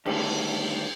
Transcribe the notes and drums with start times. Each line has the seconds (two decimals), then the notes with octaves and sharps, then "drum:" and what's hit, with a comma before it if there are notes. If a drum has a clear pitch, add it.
0.06 D3 D#3 G3 A3, drum: cymbal